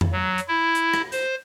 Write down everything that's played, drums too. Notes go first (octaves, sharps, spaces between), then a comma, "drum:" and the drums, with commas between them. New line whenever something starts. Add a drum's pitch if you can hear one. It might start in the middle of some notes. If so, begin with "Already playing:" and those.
drum: tom F2
F#3
drum: hi-hat
E4
drum: hi-hat
drum: rim click
C5, drum: hi-hat